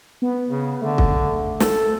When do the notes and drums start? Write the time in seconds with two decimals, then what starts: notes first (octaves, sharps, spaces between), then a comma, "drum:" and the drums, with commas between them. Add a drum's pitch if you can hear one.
0.22 B3
0.48 C#3
0.82 D3 A3
0.98 drum: kick
1.60 A4, drum: snare